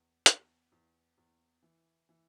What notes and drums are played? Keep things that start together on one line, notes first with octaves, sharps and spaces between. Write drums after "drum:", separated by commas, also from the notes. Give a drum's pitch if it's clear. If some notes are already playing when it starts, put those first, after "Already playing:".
Already playing: E2
E2, drum: hi-hat
E2
E2
E3
E3